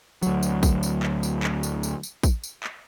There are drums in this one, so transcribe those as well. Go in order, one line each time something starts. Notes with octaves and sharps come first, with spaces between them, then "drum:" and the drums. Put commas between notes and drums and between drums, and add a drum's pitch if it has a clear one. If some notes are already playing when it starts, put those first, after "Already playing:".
D2 F#3, drum: tambourine
drum: tambourine
drum: kick, tambourine
drum: tambourine
drum: clap
drum: tambourine
drum: clap
drum: tambourine
drum: tambourine
drum: tambourine
drum: kick, tambourine
drum: tambourine
drum: clap